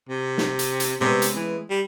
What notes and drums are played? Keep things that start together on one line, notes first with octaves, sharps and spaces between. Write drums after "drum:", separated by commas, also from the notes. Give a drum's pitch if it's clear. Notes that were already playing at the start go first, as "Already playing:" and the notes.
C3
drum: snare
drum: hi-hat
drum: hi-hat
C3 G#3 B3 C#4
drum: hi-hat
E3
G3